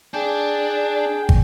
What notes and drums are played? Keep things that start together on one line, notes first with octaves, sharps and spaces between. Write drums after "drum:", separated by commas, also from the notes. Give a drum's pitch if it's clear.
D4 G#4 G5
drum: kick